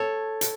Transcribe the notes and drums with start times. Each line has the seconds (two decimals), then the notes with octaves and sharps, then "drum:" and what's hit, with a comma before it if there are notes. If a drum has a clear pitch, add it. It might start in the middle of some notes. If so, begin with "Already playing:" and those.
Already playing: A4 C#5
0.41 drum: hi-hat